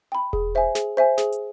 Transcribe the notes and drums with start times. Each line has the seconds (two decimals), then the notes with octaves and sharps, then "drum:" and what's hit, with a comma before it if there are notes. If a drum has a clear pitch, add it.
0.12 G5 B5
0.33 G#4, drum: kick E1
0.55 C5 E5 G#5
0.75 G#4, drum: snare
0.97 C5 E5 G#5
1.18 G#4, drum: snare
1.32 drum: hi-hat